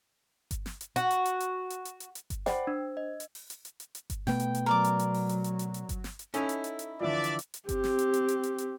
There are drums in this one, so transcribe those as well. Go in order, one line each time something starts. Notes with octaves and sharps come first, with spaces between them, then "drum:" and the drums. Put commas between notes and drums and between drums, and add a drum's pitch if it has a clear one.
drum: kick G1, hi-hat
drum: snare
drum: hi-hat
F#4, drum: hi-hat
drum: hi-hat
drum: hi-hat
drum: hi-hat
drum: hi-hat
drum: hi-hat
drum: hi-hat
drum: hi-hat
drum: kick G1, hi-hat
C5 D5 F#5 G5 B5, drum: snare
D4 E6
D#5
drum: hi-hat
drum: open hi-hat
drum: hi-hat
drum: hi-hat
drum: hi-hat
drum: hi-hat
drum: kick G1, hi-hat
B2 A3 B3 G5, drum: snare
drum: hi-hat
drum: hi-hat
F#3 A#4 D5 D6
drum: hi-hat
drum: hi-hat
drum: open hi-hat
drum: hi-hat
drum: hi-hat
drum: hi-hat
drum: hi-hat
drum: kick G1, hi-hat
drum: snare
drum: hi-hat
C#4 D#4 E4 A4, drum: hi-hat
drum: hi-hat
drum: hi-hat
drum: hi-hat
D3 E3 F3 D5 E5
drum: hi-hat
drum: hi-hat
drum: hi-hat
C4 G4, drum: kick G1, hi-hat
drum: snare
drum: hi-hat
drum: hi-hat
drum: hi-hat
drum: hi-hat
drum: hi-hat